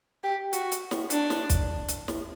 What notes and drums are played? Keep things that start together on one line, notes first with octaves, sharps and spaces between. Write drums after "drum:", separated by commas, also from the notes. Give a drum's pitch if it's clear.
G4
F#4, drum: hi-hat
drum: hi-hat
drum: snare
D4, drum: hi-hat
drum: snare
drum: kick, hi-hat
drum: hi-hat
drum: snare